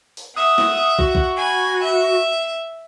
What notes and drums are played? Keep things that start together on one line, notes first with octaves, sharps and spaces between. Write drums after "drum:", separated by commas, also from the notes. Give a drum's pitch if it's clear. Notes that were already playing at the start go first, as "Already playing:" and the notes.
drum: open hi-hat
E5 F#5 D#6
drum: snare
F#4, drum: kick
drum: kick
G#5 B5
E5